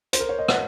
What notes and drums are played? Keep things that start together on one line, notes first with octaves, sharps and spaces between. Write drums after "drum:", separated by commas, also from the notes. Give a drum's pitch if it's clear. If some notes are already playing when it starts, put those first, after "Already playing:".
C5, drum: hi-hat
A#4
C#5
D#5
F#5, drum: rim click